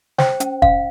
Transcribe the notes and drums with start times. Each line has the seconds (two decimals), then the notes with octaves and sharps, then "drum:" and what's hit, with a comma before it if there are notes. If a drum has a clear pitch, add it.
0.18 C5 G5, drum: snare
0.40 C#4, drum: hi-hat
0.62 C#4 F5, drum: kick